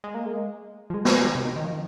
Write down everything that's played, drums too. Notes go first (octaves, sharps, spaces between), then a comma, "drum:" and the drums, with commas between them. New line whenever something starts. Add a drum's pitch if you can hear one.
G#3
A#3
G#3
F3
G#3
drum: snare
G#3
D#3
C3
D#3
D#3
F3
D#3